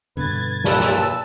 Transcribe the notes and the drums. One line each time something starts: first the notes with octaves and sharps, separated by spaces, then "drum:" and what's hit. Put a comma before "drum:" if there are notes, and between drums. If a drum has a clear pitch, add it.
G2 B2 D3 B4 G#6 A6
A#2 B4 A5 E6, drum: snare
drum: snare